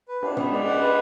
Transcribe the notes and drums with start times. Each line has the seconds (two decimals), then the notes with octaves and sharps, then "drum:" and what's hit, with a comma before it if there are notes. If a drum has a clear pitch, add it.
0.08 B4
0.23 D4, drum: cymbal
0.37 B3, drum: tom
0.51 G#3 D5
0.67 F#5
0.80 B4